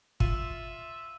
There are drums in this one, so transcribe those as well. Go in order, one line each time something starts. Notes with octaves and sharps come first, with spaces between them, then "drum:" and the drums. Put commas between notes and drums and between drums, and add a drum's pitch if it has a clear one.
F4 E5 E6 D#7, drum: kick